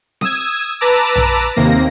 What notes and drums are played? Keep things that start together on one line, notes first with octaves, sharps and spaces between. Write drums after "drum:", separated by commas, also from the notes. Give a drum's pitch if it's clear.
D#6 E6 G#6, drum: snare C4
B4 A5 A#5 D6 E6
drum: tom A#1
D#2 C3 A#3 A#6